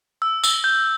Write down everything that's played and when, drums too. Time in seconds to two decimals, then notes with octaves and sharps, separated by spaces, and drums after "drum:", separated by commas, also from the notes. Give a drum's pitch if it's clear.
0.22 E6
0.44 E6, drum: tambourine
0.64 G6